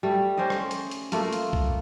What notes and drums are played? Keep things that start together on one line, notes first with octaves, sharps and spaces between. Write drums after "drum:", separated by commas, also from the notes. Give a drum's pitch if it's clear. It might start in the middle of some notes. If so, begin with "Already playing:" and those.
G3 A3
C#4 C5 D5 D#5
drum: rim click
drum: hi-hat
drum: hi-hat
A3 A#3 F4, drum: hi-hat
drum: hi-hat
drum: kick B1